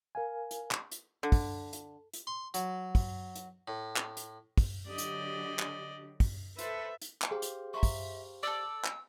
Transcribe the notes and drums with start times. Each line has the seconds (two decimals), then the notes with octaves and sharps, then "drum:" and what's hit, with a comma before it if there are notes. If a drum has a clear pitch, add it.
0.15 A#4 F5 G#5
0.51 drum: hi-hat
0.71 drum: clap
0.91 drum: hi-hat
1.23 D3
1.32 drum: kick, open hi-hat
1.73 drum: hi-hat
2.13 drum: hi-hat
2.27 C6
2.54 F#3, drum: hi-hat
2.95 drum: kick, open hi-hat
3.35 drum: hi-hat
3.68 A2
3.96 drum: clap
4.17 drum: hi-hat
4.57 drum: kick, open hi-hat
4.88 D3 F#3 G4 D5 D#5
4.98 drum: hi-hat
5.59 drum: clap
6.20 drum: kick, open hi-hat
6.59 A4 B4 C5 E5, drum: hi-hat
7.02 drum: hi-hat
7.22 drum: clap
7.31 G4 G#4 C5 F5
7.42 drum: hi-hat
7.74 E5 A#5 C6 C#6
7.83 drum: kick, open hi-hat
8.43 A4 D5 E6
8.85 drum: clap